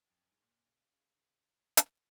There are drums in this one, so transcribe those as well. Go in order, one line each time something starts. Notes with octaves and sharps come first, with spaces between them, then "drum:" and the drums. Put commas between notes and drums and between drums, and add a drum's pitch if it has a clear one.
F2
F#2
G#2
A#2
C#3
C#3
C#3
drum: hi-hat